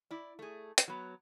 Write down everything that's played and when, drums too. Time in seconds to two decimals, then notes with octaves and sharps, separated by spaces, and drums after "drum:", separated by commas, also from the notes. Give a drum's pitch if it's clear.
0.11 E4 D5
0.39 A3 G#4
0.78 drum: hi-hat
0.88 F#3 B3